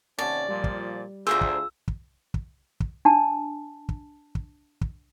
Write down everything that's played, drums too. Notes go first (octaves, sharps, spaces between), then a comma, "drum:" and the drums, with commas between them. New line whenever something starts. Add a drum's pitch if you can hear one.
D#2 C3 C#4 D5 F#5 A5
A#2 F3 G3
drum: kick
D2 F4 G#4 C5 E5 A#5 E6
drum: kick
drum: kick
drum: kick
drum: kick
D4 A5
drum: kick
drum: kick
drum: kick